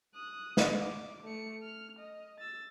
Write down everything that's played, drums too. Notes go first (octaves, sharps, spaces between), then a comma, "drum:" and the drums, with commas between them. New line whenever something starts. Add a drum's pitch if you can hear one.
D#6 F#6
drum: snare
D6
A3 C#7
F6
D#5
E6 A6